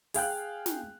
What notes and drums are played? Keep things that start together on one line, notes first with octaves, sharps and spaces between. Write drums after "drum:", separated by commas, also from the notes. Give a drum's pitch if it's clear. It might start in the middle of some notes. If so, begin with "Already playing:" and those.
G#4 F5 G5 F#6, drum: open hi-hat
drum: snare